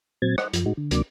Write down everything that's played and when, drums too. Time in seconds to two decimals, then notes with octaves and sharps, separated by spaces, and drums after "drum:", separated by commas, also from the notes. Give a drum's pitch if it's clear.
0.22 A#2 F#3 C4 G#6 A6
0.38 C5 D#5 F#5, drum: rim click
0.53 F#2 F3, drum: hi-hat
0.66 A2 G#3 D#4 F#4
0.77 D3
0.91 D2 C3 F#3 A#3 D4 D6, drum: hi-hat